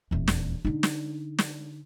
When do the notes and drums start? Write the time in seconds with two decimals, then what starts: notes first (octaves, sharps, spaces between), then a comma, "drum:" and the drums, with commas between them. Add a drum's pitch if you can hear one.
0.11 D#1 E2
0.28 drum: snare
0.65 D3 D#4
0.83 drum: snare
1.39 drum: snare